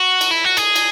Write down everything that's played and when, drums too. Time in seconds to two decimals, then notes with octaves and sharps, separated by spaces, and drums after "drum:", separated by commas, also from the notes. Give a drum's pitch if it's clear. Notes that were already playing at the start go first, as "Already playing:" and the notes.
Already playing: F#4
0.21 drum: cymbal
0.31 E4
0.44 F#4
0.57 G#4, drum: cymbal
0.76 drum: cymbal